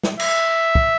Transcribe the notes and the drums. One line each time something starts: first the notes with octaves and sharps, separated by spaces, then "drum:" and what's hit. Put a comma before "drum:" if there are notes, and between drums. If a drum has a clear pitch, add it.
drum: snare
E5, drum: cymbal
drum: kick